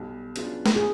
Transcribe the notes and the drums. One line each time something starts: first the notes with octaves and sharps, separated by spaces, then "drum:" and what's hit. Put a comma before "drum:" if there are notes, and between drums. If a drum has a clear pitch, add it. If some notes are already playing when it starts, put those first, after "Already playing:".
Already playing: B1 B2 G3
C#3 F#3 B3 D4 F4, drum: hi-hat
drum: snare
G#4